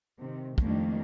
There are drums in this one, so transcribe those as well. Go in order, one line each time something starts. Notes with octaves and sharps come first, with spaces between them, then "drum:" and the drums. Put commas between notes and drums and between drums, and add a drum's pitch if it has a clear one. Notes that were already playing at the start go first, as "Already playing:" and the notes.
C3 D#3
F2 D#3 G3 A3 A#3 D4, drum: kick